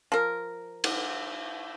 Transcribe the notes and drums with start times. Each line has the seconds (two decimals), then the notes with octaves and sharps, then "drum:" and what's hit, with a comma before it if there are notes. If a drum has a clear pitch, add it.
0.12 F3 A#4
0.84 drum: cymbal